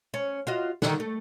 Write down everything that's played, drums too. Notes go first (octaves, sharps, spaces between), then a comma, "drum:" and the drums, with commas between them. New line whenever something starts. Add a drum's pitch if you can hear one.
C#4
F4 F#4 D#5
D3 D#3, drum: snare
A3